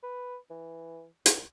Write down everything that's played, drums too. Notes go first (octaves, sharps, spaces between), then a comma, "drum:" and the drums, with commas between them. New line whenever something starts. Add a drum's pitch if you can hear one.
B4
E3
C2, drum: hi-hat